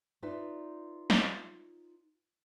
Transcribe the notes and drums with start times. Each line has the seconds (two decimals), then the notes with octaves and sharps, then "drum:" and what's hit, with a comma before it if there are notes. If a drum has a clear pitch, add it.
0.22 D#4 F4 B4 D5 E5
1.10 drum: snare